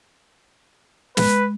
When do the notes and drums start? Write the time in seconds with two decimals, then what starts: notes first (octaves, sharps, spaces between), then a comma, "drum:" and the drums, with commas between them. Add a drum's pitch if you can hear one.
1.17 G#3 B4, drum: snare